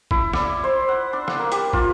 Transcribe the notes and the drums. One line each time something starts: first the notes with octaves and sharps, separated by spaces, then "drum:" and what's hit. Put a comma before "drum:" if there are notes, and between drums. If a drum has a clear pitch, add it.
E4, drum: kick
D5, drum: rim click
C5
F#5
D4
F#5, drum: rim click
A#3
G4, drum: hi-hat
F4, drum: kick